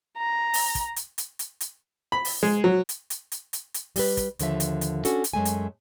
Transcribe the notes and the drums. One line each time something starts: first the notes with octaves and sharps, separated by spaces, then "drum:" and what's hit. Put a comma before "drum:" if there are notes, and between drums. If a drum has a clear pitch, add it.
A#5
drum: open hi-hat
drum: kick, hi-hat
drum: hi-hat
drum: hi-hat
drum: hi-hat
drum: hi-hat
B5
drum: open hi-hat
G#3
F#3
drum: hi-hat
drum: hi-hat
drum: hi-hat
drum: hi-hat
drum: hi-hat
G3 G4 B4, drum: open hi-hat
drum: kick, hi-hat
D#2 D3 F3 E5, drum: hi-hat
drum: hi-hat
drum: hi-hat
C#4 D4 F#4 A4, drum: hi-hat
drum: hi-hat
F#2 G#3 A3 G#5
drum: hi-hat